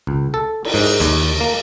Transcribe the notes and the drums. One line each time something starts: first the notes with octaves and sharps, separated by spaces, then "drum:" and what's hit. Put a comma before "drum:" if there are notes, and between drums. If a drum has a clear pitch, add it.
C#2
A4
drum: cymbal
G#2
D#2, drum: hi-hat
A#3